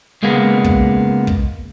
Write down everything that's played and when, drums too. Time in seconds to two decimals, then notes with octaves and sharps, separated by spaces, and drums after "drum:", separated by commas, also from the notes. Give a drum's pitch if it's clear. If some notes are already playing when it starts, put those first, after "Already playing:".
0.23 C#2 G#3 A#3 B3
0.64 drum: kick
1.27 drum: kick